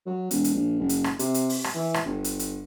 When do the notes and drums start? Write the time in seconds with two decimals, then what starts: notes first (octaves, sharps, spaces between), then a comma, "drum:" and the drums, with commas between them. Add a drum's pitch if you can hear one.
0.06 F#3
0.31 E1, drum: hi-hat
0.44 drum: hi-hat
0.54 A#1
0.79 F#1
0.89 drum: hi-hat
1.04 drum: rim click
1.19 C3, drum: hi-hat
1.34 drum: hi-hat
1.49 drum: open hi-hat
1.64 drum: rim click
1.75 E3
1.94 drum: rim click
2.05 G1
2.24 drum: hi-hat
2.39 drum: hi-hat